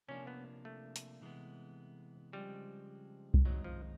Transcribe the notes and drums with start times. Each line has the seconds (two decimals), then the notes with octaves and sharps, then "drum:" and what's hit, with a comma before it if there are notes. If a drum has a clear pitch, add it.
0.08 C3 F3 A#3 C#4 D4
0.27 B3
0.65 A3
0.96 drum: hi-hat
1.21 C3 E3 G#3 B3
2.33 C#3 F3 G3 G#3 C4
3.34 drum: kick C2
3.45 F#2 D#3 F#3 G#3 C4 D#4
3.64 F3